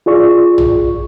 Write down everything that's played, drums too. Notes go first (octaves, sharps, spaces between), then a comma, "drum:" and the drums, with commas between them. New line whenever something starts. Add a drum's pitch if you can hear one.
F4 G#4 D5 C#6
drum: tom